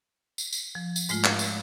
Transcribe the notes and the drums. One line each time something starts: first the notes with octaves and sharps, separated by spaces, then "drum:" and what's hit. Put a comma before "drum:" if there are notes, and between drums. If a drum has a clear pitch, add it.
drum: tambourine
drum: tambourine
F3
drum: tambourine
G#2 G#3 A3 F4, drum: tambourine
F5, drum: clap
drum: tambourine